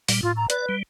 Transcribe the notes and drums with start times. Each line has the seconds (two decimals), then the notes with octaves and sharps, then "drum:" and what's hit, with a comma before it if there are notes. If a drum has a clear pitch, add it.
0.09 A#2 G3, drum: open hi-hat
0.23 A2 F4
0.37 A#5
0.50 B4 D5, drum: hi-hat
0.69 G3